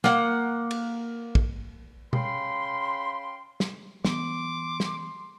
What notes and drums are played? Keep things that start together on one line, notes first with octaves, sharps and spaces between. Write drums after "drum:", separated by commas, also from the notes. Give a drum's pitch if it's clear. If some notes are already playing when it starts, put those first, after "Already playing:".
A#3 F#5, drum: snare
drum: cymbal
drum: kick
C#3 F5 G5 B5 C6, drum: tom B2
drum: snare
E3 B3 C6 D6, drum: snare
drum: snare